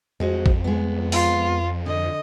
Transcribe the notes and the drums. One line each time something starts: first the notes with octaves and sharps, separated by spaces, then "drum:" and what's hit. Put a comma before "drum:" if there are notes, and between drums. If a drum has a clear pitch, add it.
F2 G#3 F#4 C5
drum: kick
G#3 B3
F4, drum: open hi-hat
D3 D#5